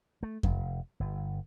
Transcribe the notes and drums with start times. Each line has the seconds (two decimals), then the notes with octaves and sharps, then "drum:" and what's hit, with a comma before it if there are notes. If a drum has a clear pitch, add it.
0.23 A3
0.43 F1, drum: kick F2
1.00 G1